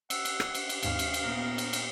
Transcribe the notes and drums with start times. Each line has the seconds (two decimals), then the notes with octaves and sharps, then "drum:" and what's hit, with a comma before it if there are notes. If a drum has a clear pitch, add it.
0.10 F#5 E6, drum: cymbal
0.25 drum: cymbal
0.40 drum: rim click
0.55 drum: cymbal
0.69 drum: cymbal
0.83 D#2 G#2 C3 F5, drum: cymbal
0.99 drum: cymbal
1.14 drum: cymbal
1.23 A#2 B3 A#4
1.58 drum: cymbal
1.73 drum: cymbal